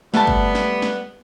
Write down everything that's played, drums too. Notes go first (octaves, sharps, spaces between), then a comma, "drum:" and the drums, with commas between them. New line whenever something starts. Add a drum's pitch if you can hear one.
G3 A3 B3 A5, drum: snare
drum: kick
drum: snare
drum: snare